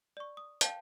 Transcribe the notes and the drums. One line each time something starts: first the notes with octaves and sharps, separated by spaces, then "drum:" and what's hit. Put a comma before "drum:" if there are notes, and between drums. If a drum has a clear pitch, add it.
D5 C#6
D#6
F5 G5 A5 G6, drum: hi-hat